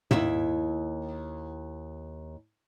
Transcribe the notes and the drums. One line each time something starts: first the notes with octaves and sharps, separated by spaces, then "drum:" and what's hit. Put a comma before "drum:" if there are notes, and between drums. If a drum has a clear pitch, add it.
D#2 E4 E5, drum: tom